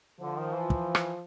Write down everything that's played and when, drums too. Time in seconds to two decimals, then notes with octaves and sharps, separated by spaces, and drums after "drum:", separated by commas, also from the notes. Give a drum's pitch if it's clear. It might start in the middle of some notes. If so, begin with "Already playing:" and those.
0.21 D3 F3
0.37 D#3
0.54 E3
0.70 drum: kick
0.95 drum: rim click